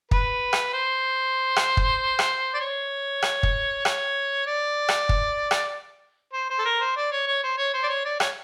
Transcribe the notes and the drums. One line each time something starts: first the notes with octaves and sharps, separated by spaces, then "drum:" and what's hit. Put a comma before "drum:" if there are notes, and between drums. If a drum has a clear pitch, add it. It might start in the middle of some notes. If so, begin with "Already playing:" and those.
B4, drum: kick
drum: rim click
C5
drum: rim click
drum: kick
drum: rim click
D5
C#5
drum: rim click
drum: kick
C#5, drum: rim click
D5
drum: rim click
drum: kick
drum: rim click
C5
C5
A4
A#4
C5
D5
C#5
C#5
C5
C#5
C5
D5
C#5
D5
C#5, drum: rim click